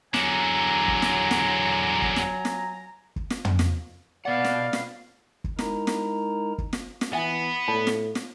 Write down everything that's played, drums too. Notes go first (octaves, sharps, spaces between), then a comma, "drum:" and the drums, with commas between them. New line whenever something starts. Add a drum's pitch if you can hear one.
E2 D3 F#3 G#5 A#5, drum: snare
drum: kick
drum: snare
drum: snare
drum: kick
drum: snare
drum: snare
drum: kick
drum: snare
drum: tom
drum: snare
B2 B3 D5 F5 F#5
drum: snare
drum: snare
drum: kick
G#3 D#4 E4 A#4 A#5, drum: snare
drum: snare
drum: kick
drum: snare
drum: snare
E3 B3 E5 G#5
A2 D5 A5 B5
drum: snare
drum: snare